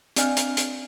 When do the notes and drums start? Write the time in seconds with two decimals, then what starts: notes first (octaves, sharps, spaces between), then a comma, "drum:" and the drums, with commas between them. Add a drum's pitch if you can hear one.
0.16 C4 D4 D5 D#5 G#5 F6, drum: hi-hat
0.37 drum: hi-hat
0.57 drum: hi-hat